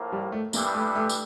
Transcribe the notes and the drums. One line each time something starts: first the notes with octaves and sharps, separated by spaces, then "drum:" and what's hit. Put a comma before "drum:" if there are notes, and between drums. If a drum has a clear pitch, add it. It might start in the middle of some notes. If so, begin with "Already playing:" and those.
Already playing: A2 F3 A#3
G3
A3
G2 E3 G3 A#3, drum: tambourine
A3
A3
drum: tambourine